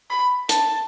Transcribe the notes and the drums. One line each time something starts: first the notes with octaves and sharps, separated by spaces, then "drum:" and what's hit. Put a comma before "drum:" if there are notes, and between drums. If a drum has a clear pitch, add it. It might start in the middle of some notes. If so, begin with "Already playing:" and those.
B5
A5, drum: hi-hat